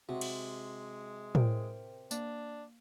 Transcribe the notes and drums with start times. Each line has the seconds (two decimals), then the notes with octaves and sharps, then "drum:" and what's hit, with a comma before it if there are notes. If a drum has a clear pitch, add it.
0.09 C3 G#3 F#4
0.21 drum: cymbal
1.35 A#4 C5 G5, drum: tom A2
2.11 A#3 D4, drum: tambourine